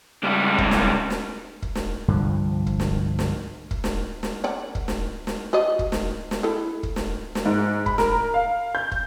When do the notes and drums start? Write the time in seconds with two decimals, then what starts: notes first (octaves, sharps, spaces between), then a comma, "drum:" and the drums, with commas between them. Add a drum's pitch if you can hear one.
0.23 C#2 G3
0.58 drum: kick
0.71 drum: snare
1.10 drum: snare
1.62 drum: kick
1.75 drum: snare
2.08 C2 G2 D3 F3
2.67 drum: kick
2.80 drum: snare
3.19 drum: snare
3.71 drum: kick
3.84 drum: snare
4.23 drum: snare
4.44 A#4 D5 F#5
4.75 drum: kick
4.88 drum: snare
5.27 drum: snare
5.53 F#4 D5 D#5
5.79 drum: kick
5.92 drum: snare
6.31 drum: snare
6.43 E4 A4
6.83 drum: kick
6.96 drum: snare
7.35 drum: snare
7.46 G#2
7.86 B5, drum: kick
7.98 A#4, drum: snare
8.34 F5
8.75 G6
8.92 drum: kick